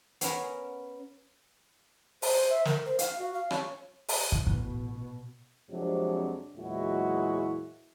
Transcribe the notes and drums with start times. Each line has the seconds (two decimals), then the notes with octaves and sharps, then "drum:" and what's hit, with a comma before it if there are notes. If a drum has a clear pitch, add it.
0.21 B3 C#4 A#4, drum: hi-hat
2.22 C5, drum: open hi-hat
2.50 E5
2.65 A#4, drum: snare
2.85 C5
2.99 F5, drum: hi-hat
3.19 F#4
3.34 F5
3.51 C#5, drum: rim click
4.09 drum: open hi-hat
4.32 drum: kick
4.47 A1 B2, drum: kick
5.69 F2 C3 F#3 G#3 D4
6.57 E2 A#2 F#3 G#3 E4 F#4